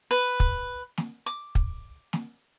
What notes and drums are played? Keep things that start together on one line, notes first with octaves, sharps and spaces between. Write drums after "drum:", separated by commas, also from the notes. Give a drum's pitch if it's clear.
B4
drum: kick
drum: snare
D6
drum: kick
drum: snare